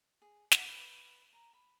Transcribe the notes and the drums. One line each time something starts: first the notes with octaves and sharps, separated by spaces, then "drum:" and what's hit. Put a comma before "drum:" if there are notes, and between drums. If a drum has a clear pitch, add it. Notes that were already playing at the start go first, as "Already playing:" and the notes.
G#4
F#5, drum: snare
B4
A#5
B5